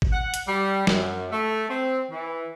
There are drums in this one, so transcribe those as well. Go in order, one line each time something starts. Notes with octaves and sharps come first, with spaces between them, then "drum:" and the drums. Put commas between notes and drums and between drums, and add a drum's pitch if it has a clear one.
drum: kick
F#5
drum: hi-hat
G3
F#2, drum: snare
A3
C4
E3